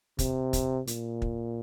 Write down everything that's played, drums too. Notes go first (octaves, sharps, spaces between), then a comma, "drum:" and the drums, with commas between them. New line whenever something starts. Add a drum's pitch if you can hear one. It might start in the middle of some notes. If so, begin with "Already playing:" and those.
C3, drum: kick, hi-hat
drum: kick, hi-hat
A#2, drum: hi-hat
drum: kick